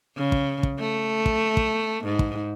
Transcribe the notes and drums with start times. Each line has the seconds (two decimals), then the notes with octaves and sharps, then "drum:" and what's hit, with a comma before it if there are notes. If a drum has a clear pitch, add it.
0.16 C#3
0.32 drum: kick
0.63 drum: kick
0.79 A3
1.26 drum: kick
1.57 drum: kick
2.05 G#2
2.19 drum: kick